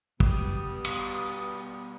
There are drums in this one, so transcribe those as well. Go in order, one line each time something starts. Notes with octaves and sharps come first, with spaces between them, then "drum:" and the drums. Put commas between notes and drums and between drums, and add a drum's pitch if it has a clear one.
B2 G3 B3 D#6, drum: kick
drum: cymbal